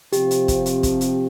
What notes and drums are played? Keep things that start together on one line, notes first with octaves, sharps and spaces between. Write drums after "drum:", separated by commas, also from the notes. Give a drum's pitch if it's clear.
C3 F3 C4 G4, drum: hi-hat
drum: hi-hat
drum: kick, hi-hat
drum: hi-hat
drum: kick, hi-hat
drum: hi-hat